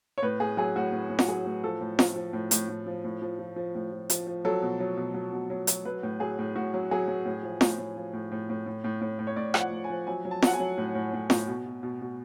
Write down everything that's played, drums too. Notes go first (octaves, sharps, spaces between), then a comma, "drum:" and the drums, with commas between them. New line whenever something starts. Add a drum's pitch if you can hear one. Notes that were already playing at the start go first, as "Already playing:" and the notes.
C#5
A2 B4
A2 G#4
F#3 G#4
A2 F#4
A2
A2
F#4, drum: snare
F#3 G#4
A2
F3 A4
A2
F3, drum: snare
F3
A2
A2, drum: hi-hat
A2
F3
A2
F3
F3
F3
A2
F3
F3, drum: hi-hat
F3
F#3 A4
B2
F#3
B2
F#3
B2
F#3
F#3, drum: hi-hat
F#3 B4
A2
F#3 G#4
A2
A2 F#4
F#3
F#3 G#4
F#3
A2
F3
A2, drum: snare
A2
F3
A2
A2
A2
A2
A2
A2
A2
C#5
A2 D5
F3, drum: rim click
F#5
A2
G#5
F3
F#3 G#5
F#3
A5
F#3 F#5, drum: snare
G#5
F#3
A2
A2
A2
A2, drum: snare
B2
B2
B2
B2